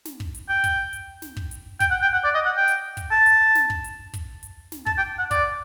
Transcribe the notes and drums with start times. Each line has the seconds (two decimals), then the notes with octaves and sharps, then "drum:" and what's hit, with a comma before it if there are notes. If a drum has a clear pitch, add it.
0.05 drum: snare
0.20 drum: kick
0.35 drum: hi-hat
0.49 G5
0.64 drum: kick, hi-hat
0.93 drum: hi-hat
1.22 drum: snare
1.37 drum: kick
1.51 drum: hi-hat
1.80 G5, drum: kick, hi-hat
1.91 F#5
2.02 G5
2.13 F#5
2.24 D5
2.35 D#5
2.46 F#5
2.57 G5
2.68 drum: hi-hat
2.97 drum: kick, hi-hat
3.11 A5
3.26 drum: hi-hat
3.55 drum: snare
3.70 drum: kick
3.84 drum: hi-hat
4.14 drum: kick, hi-hat
4.43 drum: hi-hat
4.72 drum: snare
4.86 A5, drum: kick
4.98 G5
5.19 F#5
5.31 D5, drum: kick, hi-hat